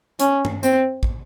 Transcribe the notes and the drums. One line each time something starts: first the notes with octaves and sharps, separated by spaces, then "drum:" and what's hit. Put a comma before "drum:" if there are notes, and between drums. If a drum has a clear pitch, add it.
C#4, drum: hi-hat
drum: tom G2
C4, drum: tambourine
drum: kick